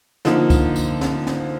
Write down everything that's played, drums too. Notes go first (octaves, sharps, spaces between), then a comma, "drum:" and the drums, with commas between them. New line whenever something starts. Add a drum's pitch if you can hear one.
D3 F3 A#3 D#4, drum: snare
drum: kick, tambourine
drum: tambourine
drum: snare
drum: snare